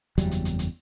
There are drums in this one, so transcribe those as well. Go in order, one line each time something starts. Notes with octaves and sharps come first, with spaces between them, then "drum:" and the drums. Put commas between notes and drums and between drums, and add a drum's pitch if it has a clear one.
F#1 E2 F#3 G3, drum: hi-hat
drum: hi-hat
drum: hi-hat
drum: hi-hat